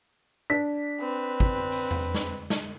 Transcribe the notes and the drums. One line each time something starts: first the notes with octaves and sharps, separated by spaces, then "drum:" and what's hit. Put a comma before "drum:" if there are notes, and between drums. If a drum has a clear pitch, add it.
D4 B6
C4 B4
drum: kick
drum: open hi-hat
drum: tom E2
drum: snare
drum: snare